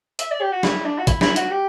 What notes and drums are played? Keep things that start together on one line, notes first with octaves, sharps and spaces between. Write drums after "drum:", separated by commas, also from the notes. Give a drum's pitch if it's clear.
E5, drum: hi-hat
D5
G4
F#4
E4, drum: snare
D4
F#4
E4, drum: kick, hi-hat
E4, drum: snare
F#4, drum: hi-hat
G4